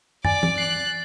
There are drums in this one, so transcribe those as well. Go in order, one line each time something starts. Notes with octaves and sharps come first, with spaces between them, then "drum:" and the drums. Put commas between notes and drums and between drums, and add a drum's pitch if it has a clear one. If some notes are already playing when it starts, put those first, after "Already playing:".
D5 G#5 D6 A6, drum: tom
drum: tom
F#6 C7